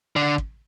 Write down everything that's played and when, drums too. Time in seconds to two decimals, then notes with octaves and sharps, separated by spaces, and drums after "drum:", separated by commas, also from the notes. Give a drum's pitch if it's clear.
0.16 D3
0.38 drum: kick